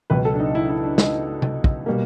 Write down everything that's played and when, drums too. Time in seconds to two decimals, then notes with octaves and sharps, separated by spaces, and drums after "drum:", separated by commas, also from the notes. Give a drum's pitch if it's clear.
0.10 C#2 B2 F#3 B4
0.25 A4
0.34 D4
0.40 D#4
0.55 E4
0.69 E4
0.84 D4
0.98 D#4, drum: snare
1.42 drum: tom C3
1.64 drum: kick
1.86 B2 G3 A#3